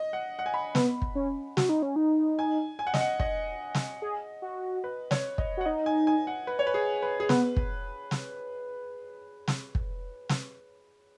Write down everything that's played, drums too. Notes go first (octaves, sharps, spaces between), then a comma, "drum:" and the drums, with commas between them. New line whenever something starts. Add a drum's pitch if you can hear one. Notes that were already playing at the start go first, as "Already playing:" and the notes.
Already playing: D#5
F#5
F#5
G#5
B5
B3, drum: snare
drum: kick
C#4
F#4, drum: snare
D#4
C#4
D#4
G#5
G#5
F#5
D#5, drum: snare
F#5
D#5, drum: kick
drum: snare
G#4
F#4
B4
C#5, drum: snare
D#5, drum: kick
F#4
F#5
D#4 D#5
G#5
G#5
F#5
B4
C#5
B4
G#4
B4
G#4
B3 B4, drum: snare
drum: kick
drum: snare
drum: snare
drum: kick
drum: snare